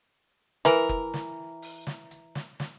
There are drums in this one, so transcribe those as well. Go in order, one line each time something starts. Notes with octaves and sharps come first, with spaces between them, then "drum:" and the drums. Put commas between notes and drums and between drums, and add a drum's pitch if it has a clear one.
E3 A#4, drum: snare
drum: kick F#1
drum: snare
drum: open hi-hat
drum: snare
drum: hi-hat
drum: snare
drum: snare